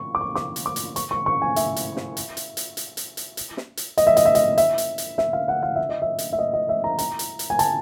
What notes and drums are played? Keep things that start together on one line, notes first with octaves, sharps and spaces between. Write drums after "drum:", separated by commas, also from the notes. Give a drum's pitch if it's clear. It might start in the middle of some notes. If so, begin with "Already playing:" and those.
Already playing: C#6
D6
C#6
D6, drum: snare
drum: hi-hat
D6
drum: hi-hat
C#6, drum: hi-hat
C#6
C#6
G#5
E5, drum: hi-hat
drum: hi-hat
drum: snare
drum: hi-hat
drum: hi-hat
drum: hi-hat
drum: hi-hat
drum: hi-hat
drum: hi-hat
drum: hi-hat
drum: snare
drum: hi-hat
D#5, drum: hi-hat
E5
D#5, drum: hi-hat
E5
D#5, drum: hi-hat
E5, drum: hi-hat
drum: hi-hat
drum: hi-hat
E5, drum: snare
F5
F#5
F5
E5
D#5
E5
drum: hi-hat
E5
D#5
D#5
E5
A#5
A#5, drum: hi-hat
drum: hi-hat
drum: hi-hat
G#5
A5, drum: hi-hat